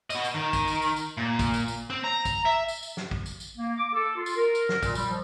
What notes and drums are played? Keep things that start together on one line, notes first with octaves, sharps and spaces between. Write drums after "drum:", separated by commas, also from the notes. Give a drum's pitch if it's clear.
F#4 D#5, drum: tambourine
drum: tambourine
D#3
drum: kick, tambourine
drum: tambourine
drum: tambourine
drum: tambourine
A#2
drum: kick, tambourine
drum: tambourine
drum: tambourine
C4
A#5
drum: kick, tambourine
E5
drum: tambourine
drum: tambourine
drum: snare
drum: kick
drum: tambourine
drum: tambourine
A#3
D6
A4
F4
drum: tambourine
A#4
drum: tambourine
drum: snare
A#2, drum: kick, tambourine
G3, drum: tambourine
F3